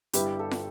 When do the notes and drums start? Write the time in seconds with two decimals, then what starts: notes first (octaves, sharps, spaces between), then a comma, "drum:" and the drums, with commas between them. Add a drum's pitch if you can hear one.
0.13 G1 G2 G3 E4 G4 B4, drum: hi-hat
0.39 A4
0.51 drum: snare